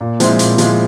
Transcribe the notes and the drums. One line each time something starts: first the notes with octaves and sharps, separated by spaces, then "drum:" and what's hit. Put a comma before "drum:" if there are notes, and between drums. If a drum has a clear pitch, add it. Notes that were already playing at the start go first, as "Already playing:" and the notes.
A#2
F3 G#3 C4 E4, drum: hi-hat
A#2, drum: hi-hat
F3 G#3 C4 E4, drum: hi-hat